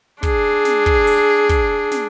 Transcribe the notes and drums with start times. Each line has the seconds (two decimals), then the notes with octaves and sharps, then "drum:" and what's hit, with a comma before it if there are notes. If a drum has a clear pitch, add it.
0.23 D4 G#4, drum: kick, hi-hat
0.65 drum: snare
0.86 drum: kick
1.07 drum: open hi-hat
1.49 drum: kick, hi-hat
1.91 drum: snare